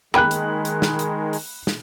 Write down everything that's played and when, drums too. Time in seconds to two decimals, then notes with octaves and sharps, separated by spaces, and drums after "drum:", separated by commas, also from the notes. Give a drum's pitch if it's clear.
0.14 D#3 G#3 A#3 G#4 G5 B5 F#6
0.31 drum: hi-hat
0.65 drum: hi-hat
0.82 drum: snare
0.99 drum: hi-hat
1.33 drum: open hi-hat
1.67 drum: snare